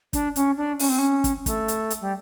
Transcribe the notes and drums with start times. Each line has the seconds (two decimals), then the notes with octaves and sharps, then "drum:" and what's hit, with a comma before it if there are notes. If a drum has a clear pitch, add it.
0.13 D4, drum: kick, hi-hat
0.36 C#4, drum: hi-hat
0.57 D4
0.79 C#4, drum: open hi-hat
0.89 C4
0.98 C#4
1.24 drum: kick, hi-hat
1.46 A3, drum: kick, hi-hat
1.68 drum: hi-hat
1.90 drum: hi-hat
2.01 G3